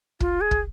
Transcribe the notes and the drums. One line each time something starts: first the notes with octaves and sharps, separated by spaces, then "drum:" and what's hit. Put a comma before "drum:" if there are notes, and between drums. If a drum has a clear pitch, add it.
F4, drum: kick
G#4
drum: kick